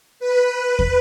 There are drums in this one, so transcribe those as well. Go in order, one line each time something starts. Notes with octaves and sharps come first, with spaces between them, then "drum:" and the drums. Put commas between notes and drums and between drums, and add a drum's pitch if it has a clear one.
B4
drum: kick